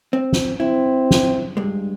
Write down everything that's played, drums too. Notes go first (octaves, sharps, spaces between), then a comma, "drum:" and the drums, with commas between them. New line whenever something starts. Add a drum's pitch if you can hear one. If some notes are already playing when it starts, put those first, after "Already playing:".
C4
drum: snare
C4 E4
drum: snare
G2 G#3